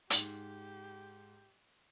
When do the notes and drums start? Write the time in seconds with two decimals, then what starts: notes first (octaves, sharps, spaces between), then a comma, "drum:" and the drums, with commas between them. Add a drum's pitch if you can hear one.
0.10 G#2 G4, drum: hi-hat